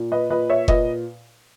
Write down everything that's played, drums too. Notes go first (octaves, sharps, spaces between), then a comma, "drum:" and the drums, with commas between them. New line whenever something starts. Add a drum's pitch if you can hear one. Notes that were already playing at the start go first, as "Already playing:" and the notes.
Already playing: A#2
B4 D#5
A#2 B4 D#5
C#5 E5
A#2 B4 D#5, drum: kick F1